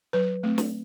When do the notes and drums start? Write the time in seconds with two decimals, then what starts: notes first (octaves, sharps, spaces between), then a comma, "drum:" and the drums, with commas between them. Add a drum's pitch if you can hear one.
0.13 F#3 B4
0.43 A3 C4
0.58 drum: snare